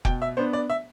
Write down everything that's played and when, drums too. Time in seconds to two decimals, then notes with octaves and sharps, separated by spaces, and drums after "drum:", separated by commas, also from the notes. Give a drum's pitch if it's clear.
0.05 B2 G5, drum: kick F1
0.22 E5
0.37 B3 D4 C5
0.53 D5
0.70 E5